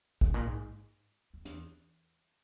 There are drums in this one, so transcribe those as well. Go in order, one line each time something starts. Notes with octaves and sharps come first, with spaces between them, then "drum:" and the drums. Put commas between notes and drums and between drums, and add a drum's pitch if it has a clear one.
F2, drum: kick
A#2
G#2
F2
E2, drum: hi-hat